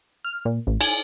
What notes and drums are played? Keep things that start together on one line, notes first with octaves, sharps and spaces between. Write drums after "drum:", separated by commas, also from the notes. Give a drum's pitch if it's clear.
F6
A#2
A1
G#5, drum: cymbal